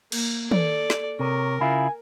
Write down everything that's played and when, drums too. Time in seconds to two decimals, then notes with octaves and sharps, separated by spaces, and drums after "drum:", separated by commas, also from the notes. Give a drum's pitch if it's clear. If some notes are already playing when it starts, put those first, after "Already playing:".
0.12 A#3, drum: cymbal
0.51 A4 D5, drum: tom
0.90 drum: snare
1.19 C3 A#4 C#5
1.61 C#3 E4 F4 G#5